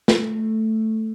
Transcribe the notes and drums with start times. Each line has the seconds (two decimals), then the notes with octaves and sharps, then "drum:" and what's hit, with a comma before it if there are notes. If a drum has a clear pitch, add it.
0.08 A3, drum: snare